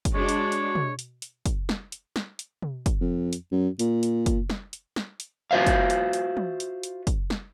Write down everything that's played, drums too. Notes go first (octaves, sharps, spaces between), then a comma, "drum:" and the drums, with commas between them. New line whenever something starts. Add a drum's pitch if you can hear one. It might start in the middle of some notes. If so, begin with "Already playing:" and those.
drum: kick, hi-hat
G#3 D4 F#4 C#5
drum: hi-hat
drum: hi-hat
drum: tom
drum: hi-hat
drum: hi-hat
drum: kick, hi-hat
drum: snare
drum: hi-hat
drum: snare
drum: hi-hat
drum: tom
drum: kick, hi-hat
F2
drum: hi-hat
F#2
A#2, drum: hi-hat
drum: hi-hat
drum: kick, hi-hat
drum: snare
drum: hi-hat
drum: snare
drum: hi-hat
F4 F#4 C5 E5 F5
drum: kick, hi-hat
drum: hi-hat
drum: hi-hat
drum: tom
drum: hi-hat
drum: hi-hat
drum: kick, hi-hat
drum: snare